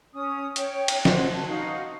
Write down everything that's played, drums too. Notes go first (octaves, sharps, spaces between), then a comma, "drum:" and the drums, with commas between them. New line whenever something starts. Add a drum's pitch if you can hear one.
C#4 D#6
C#5 G5, drum: hi-hat
drum: cymbal
F#4 C5 F#5, drum: snare
A5
D#4 F#4 F5